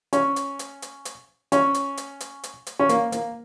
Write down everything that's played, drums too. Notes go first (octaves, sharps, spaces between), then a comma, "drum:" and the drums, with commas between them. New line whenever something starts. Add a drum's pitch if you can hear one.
C#4, drum: hi-hat
drum: hi-hat
drum: hi-hat
drum: hi-hat
drum: hi-hat
C#4, drum: hi-hat
drum: hi-hat
drum: hi-hat
drum: hi-hat
drum: hi-hat
drum: hi-hat
C#4
A#3, drum: hi-hat
A#3, drum: hi-hat